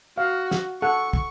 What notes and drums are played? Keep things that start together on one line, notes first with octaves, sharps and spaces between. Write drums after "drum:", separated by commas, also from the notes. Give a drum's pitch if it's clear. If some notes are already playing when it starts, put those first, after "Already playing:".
F#4 F5
drum: snare
A4 F#5 C#6
drum: kick